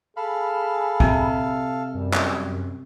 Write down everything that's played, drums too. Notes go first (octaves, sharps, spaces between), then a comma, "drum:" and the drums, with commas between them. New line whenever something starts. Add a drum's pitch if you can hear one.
G#4 A4 F5 B5
C3, drum: kick
F#2 G3
drum: clap